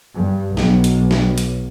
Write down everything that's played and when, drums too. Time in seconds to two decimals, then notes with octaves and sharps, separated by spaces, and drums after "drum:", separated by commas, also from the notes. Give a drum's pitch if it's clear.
0.14 G2
0.57 B1, drum: snare
0.84 drum: hi-hat
1.11 drum: snare
1.38 drum: hi-hat